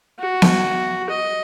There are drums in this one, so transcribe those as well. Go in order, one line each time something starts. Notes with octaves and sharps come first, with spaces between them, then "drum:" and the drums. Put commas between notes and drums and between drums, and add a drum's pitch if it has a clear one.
F#4
drum: snare B3
D#5